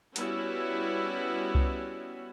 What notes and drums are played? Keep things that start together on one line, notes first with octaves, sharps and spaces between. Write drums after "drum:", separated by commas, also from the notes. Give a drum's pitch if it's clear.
G3 B3 C#4 E4 F#4, drum: hi-hat
drum: kick C2